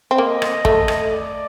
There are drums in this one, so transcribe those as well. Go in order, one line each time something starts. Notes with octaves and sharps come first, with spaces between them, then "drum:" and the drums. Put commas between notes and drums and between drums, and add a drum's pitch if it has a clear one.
C4
A#3 D#5
drum: rim click
A3, drum: kick
drum: rim click
D5